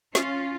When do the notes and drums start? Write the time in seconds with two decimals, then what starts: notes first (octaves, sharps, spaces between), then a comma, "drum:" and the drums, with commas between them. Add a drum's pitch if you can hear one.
0.15 C#4 F4, drum: snare